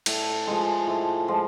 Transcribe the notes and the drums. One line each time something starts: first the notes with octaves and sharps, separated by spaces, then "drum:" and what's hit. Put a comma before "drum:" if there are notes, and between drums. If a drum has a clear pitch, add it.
A2, drum: cymbal
F3 G#3
A2
F3 G#3